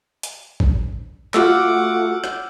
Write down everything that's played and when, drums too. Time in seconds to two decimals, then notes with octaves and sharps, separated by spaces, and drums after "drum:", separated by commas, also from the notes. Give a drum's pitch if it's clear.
0.23 drum: hi-hat
0.60 drum: kick
1.34 A3 F4 F#4 F#5 D6 E6 F6, drum: clap
2.24 drum: rim click